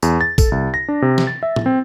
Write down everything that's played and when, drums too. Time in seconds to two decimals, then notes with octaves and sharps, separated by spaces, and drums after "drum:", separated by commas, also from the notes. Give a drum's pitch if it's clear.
0.03 E2, drum: tambourine
0.21 A6
0.38 A4, drum: kick A1, tambourine
0.52 C2
0.74 A#6
0.88 D4
1.02 C3
1.18 drum: snare
1.27 A6
1.43 E5
1.56 drum: tom A2
1.66 C4